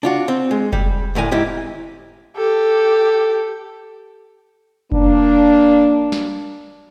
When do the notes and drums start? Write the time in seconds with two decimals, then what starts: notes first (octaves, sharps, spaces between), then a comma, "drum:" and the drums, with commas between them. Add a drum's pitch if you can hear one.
0.03 D4 F4 F#4
0.28 C4
0.51 G#3
0.72 G3, drum: kick F1
1.15 D2 A2 A#4 G#5
1.31 G#2 E4 G4
2.37 G4 A4
4.92 A#3 D4, drum: kick F1
6.12 drum: snare